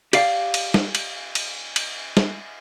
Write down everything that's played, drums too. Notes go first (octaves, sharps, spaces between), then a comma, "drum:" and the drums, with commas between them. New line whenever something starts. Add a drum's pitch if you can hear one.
G4 D5 F5, drum: cymbal
drum: cymbal
drum: snare
drum: cymbal
drum: cymbal
drum: cymbal
drum: snare